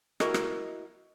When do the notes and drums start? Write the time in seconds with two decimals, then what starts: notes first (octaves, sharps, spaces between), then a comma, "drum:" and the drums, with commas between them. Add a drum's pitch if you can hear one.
0.20 E4 F#4 A#4 D#5, drum: rim click
0.34 drum: rim click